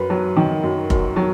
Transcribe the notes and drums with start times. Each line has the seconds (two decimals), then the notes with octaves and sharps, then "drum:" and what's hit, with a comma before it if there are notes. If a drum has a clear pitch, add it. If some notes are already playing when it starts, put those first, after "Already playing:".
Already playing: F#2 B4
0.10 F#3
0.37 D#3
0.63 F#2
0.90 F#2, drum: kick F1
1.16 F#3